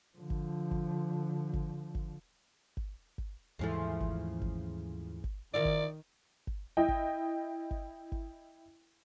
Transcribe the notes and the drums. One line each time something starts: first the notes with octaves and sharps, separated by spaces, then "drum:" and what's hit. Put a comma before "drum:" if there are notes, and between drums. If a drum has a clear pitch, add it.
D3 F3
drum: kick G#1
drum: kick G#1
drum: kick G#1
drum: kick G#1
drum: kick G#1
drum: kick G#1
D#2 G#2 C#3 E3 F3 A3
drum: kick G#1
drum: kick G#1
drum: kick G#1
D#3 E4 F4 A#4 D5
drum: kick G#1
drum: kick G#1
E4 D#5 G5
drum: kick G#1
drum: kick G#1
drum: kick G#1